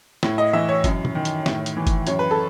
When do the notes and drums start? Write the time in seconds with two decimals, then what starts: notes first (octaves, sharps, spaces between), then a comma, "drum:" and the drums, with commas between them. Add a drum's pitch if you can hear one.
0.23 A2 E4, drum: snare
0.38 D#5
0.53 E3 E5
0.69 C#5
0.84 F#2, drum: kick F#1, hi-hat
1.05 drum: tom
1.15 D#3
1.25 drum: hi-hat
1.46 A2, drum: snare
1.66 drum: hi-hat
1.77 E3
1.87 drum: kick F#1, hi-hat
2.07 F#2 C#5, drum: hi-hat
2.19 B4
2.31 A4